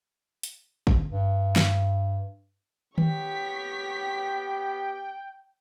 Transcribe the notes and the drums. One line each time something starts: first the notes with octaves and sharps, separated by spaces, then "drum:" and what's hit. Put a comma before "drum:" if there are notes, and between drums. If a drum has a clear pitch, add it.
drum: hi-hat
drum: kick
G2
drum: snare
B3 G4 C#5 G5 B6, drum: tom D#3